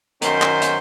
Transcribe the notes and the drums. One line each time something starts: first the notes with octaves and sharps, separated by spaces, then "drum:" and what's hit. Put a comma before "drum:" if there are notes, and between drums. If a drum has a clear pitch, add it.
F#2 D#3 C#4 C5, drum: hi-hat
drum: clap
drum: hi-hat